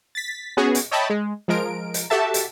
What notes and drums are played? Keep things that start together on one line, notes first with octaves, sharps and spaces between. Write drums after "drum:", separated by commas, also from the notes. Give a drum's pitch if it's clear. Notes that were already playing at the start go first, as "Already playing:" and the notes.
A6 B6
B3 C#4 F#4 G#4
drum: hi-hat
C#5 D#5 E5 G5 A5 B5
G#3
F3 G#3 A#4 D7
drum: hi-hat
F#4 G4 A4 E5 A5
drum: hi-hat